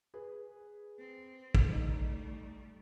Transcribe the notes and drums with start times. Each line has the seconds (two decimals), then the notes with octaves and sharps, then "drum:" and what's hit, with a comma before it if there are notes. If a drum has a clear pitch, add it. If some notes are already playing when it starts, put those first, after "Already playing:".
0.14 G#4 B4
0.99 C4
1.55 drum: kick
1.72 G3 A3 D#4